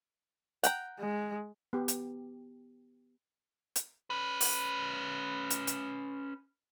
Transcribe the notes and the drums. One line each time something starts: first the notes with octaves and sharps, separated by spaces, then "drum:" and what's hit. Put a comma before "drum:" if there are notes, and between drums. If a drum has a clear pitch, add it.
F#5 G5 A#5, drum: hi-hat
G#3
B3 G4
drum: hi-hat
drum: hi-hat
C#4 B4
drum: open hi-hat
drum: hi-hat
drum: hi-hat